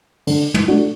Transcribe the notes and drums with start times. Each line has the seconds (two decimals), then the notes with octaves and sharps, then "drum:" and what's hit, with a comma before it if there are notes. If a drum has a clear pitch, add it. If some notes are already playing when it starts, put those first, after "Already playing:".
0.27 D3, drum: open hi-hat
0.54 drum: tom
0.68 A3 D4 F#4